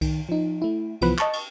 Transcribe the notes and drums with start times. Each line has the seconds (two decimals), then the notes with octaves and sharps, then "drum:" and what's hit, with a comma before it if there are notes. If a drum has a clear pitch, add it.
0.01 D#3, drum: kick C2, cymbal
0.29 F3 D#4
0.62 A3 E4
1.01 C2 E3 F3 B3 B5 F#6, drum: cymbal
1.19 D#5 A5 C#6, drum: clap
1.33 drum: cymbal